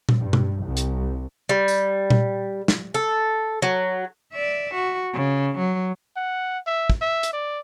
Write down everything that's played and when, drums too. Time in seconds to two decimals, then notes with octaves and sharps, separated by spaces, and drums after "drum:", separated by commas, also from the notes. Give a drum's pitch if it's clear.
0.09 drum: tom A#2
0.18 G2
0.33 drum: tom B2
0.63 C2
0.77 drum: hi-hat
1.49 G3
1.68 drum: tambourine
2.10 drum: tom A#2
2.68 drum: snare
2.94 A4
3.62 F#3
4.33 D5 E5
4.75 F#4
5.14 C#3
5.58 F#3
6.16 F#5
6.66 E5
6.90 drum: kick
7.02 E5
7.23 drum: hi-hat
7.33 D5